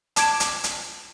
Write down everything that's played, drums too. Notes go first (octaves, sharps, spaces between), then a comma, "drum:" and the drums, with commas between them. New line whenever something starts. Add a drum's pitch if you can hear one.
A5 D6 G#6 D7 E7, drum: hi-hat
drum: hi-hat
drum: hi-hat